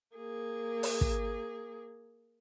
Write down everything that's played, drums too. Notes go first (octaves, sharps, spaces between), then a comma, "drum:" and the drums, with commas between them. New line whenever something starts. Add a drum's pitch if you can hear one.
A#3 G#4
drum: open hi-hat
drum: kick